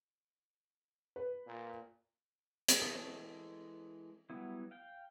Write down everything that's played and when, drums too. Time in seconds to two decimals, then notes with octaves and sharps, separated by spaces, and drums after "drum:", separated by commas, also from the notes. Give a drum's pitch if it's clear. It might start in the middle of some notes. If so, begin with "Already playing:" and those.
1.16 B4
1.47 A#2
2.68 drum: hi-hat
2.82 E3 G#3 A4 A5 D#6
4.30 F#3 G3 B3 E4
4.71 F5 G5